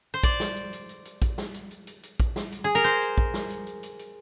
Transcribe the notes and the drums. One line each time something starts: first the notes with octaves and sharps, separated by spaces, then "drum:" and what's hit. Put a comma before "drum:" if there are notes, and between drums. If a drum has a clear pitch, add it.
C5
D5, drum: kick A#1, hi-hat
drum: snare
drum: hi-hat
drum: hi-hat
drum: hi-hat
drum: hi-hat
drum: kick A#1, hi-hat
drum: snare
drum: hi-hat
drum: hi-hat
drum: hi-hat
drum: hi-hat
drum: kick A#1, hi-hat
drum: snare
drum: hi-hat
G#4
A#4
C5, drum: hi-hat
drum: hi-hat
drum: kick A#1
drum: snare
drum: hi-hat
drum: hi-hat
drum: hi-hat
drum: hi-hat